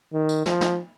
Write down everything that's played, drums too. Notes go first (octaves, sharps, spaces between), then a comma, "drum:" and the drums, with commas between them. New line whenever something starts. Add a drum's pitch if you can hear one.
D#3
drum: tambourine
F3, drum: snare
drum: snare